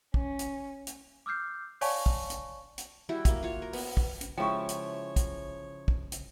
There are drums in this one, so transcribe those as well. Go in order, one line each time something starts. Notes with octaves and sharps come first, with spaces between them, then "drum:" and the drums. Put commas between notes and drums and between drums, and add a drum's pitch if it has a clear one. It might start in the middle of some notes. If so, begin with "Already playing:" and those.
C#4, drum: kick
drum: hi-hat
drum: hi-hat
D6 E6 F6 G6 C7
C#5 D5 F5 G#5 A5 C#6, drum: open hi-hat
drum: kick
drum: hi-hat
drum: hi-hat
G3 E4 F#4 G5
A#3 F#4, drum: kick, hi-hat
F4 F#4 C#5
A#4
B3, drum: open hi-hat
drum: kick
drum: hi-hat
C#3 F3 G#3 E4 G4 C#5 G5 C#6
drum: hi-hat
drum: kick, hi-hat
drum: kick
drum: hi-hat